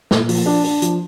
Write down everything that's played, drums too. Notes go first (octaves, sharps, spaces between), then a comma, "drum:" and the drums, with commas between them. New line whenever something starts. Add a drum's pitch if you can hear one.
A#2, drum: snare
F3, drum: open hi-hat
D4
D4, drum: open hi-hat
F3, drum: hi-hat